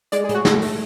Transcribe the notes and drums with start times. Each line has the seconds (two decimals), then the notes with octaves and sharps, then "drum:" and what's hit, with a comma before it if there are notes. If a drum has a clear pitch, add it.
0.12 G#3 D5, drum: hi-hat
0.24 G#4
0.29 A2, drum: hi-hat
0.35 F#4
0.45 A3 G#4, drum: snare
0.62 A3, drum: open hi-hat